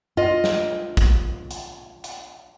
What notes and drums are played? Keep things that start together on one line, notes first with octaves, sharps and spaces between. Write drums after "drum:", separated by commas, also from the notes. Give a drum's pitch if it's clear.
F4 D#5
drum: snare
drum: kick, hi-hat
drum: hi-hat
drum: hi-hat